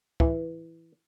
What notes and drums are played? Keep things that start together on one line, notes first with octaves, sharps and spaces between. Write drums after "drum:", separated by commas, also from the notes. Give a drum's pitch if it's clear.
E3, drum: kick